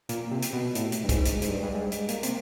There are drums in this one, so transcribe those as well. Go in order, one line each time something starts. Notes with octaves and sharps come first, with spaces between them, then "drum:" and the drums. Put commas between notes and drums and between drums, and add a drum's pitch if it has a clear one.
A#2, drum: hi-hat
C3
drum: hi-hat
B2
A2, drum: hi-hat
drum: hi-hat
G2
G#2, drum: kick, hi-hat
drum: hi-hat
G#2, drum: hi-hat
G2
G2
G#2
drum: hi-hat
A#2, drum: hi-hat
C3, drum: hi-hat